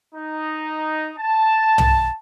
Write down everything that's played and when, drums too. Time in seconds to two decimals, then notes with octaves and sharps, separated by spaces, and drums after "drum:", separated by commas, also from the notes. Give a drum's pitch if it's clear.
0.15 D#4
1.18 A5
1.78 drum: tom